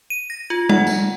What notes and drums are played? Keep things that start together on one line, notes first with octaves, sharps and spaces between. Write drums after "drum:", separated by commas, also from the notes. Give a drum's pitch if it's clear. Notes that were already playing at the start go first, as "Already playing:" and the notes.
D#7
A#6
F4
F#5, drum: tom
drum: tambourine